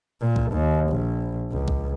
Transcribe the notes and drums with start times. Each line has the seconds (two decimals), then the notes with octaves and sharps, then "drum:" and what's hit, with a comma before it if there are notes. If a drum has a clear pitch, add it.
0.21 A#2
0.36 drum: kick
0.52 D#2
0.90 A#1
1.51 C#2
1.68 drum: kick